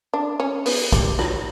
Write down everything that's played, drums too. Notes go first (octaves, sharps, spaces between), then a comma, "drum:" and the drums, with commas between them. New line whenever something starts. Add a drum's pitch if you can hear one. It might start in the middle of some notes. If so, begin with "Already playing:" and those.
D4
C#4
B3, drum: open hi-hat
G3, drum: kick A#1, hi-hat
F#3, drum: rim click